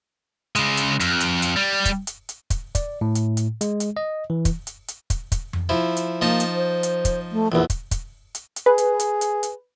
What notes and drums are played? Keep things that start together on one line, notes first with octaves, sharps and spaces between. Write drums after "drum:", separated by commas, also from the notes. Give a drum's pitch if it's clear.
C#3 G#3, drum: hi-hat
drum: hi-hat
F2, drum: hi-hat
drum: hi-hat
drum: hi-hat
G3
drum: kick, hi-hat
drum: hi-hat
drum: hi-hat
drum: kick, hi-hat
D5, drum: kick, hi-hat
A2
drum: hi-hat
drum: hi-hat
G#3, drum: hi-hat
drum: hi-hat
D#5
E3
drum: kick, hi-hat
drum: hi-hat
drum: hi-hat
drum: kick, hi-hat
drum: kick, hi-hat
drum: tom F2
F3 E4
drum: hi-hat
F3 A#3 D#4 A5
drum: hi-hat
C5
drum: hi-hat
drum: kick, hi-hat
A3
A#1 E2 E3
drum: kick, hi-hat
drum: kick, hi-hat
drum: hi-hat
drum: hi-hat
G#4 B4
drum: hi-hat
drum: hi-hat
drum: hi-hat
drum: hi-hat